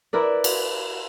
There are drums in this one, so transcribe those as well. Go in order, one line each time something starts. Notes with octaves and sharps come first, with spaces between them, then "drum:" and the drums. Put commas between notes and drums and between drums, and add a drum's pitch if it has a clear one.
E4 A#4 B4 D5
drum: cymbal